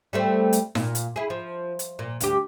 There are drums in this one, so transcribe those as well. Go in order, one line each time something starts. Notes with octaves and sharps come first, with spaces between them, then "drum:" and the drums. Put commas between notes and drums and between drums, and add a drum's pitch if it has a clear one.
G3 A3 C4
drum: hi-hat
A#2, drum: snare D#4
drum: hi-hat
E4 G#4
F3
drum: hi-hat
A#2
D2 G4, drum: hi-hat